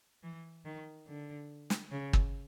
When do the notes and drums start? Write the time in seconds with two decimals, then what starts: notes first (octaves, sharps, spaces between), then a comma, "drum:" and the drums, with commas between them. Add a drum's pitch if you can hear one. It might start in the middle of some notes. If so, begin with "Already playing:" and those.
0.23 E3
0.65 D#3
1.08 D3
1.70 drum: snare
1.91 C#3
2.13 drum: kick